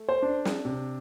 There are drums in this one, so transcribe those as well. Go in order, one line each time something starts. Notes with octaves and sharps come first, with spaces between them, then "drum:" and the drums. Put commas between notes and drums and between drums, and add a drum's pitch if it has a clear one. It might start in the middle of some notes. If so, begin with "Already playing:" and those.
Already playing: A3
C5
D4
drum: snare
C3